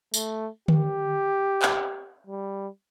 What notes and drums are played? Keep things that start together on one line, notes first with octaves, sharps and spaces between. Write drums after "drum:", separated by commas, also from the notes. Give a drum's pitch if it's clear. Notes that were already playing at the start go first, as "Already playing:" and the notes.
A3, drum: tambourine
G4, drum: tom D3
drum: clap
G3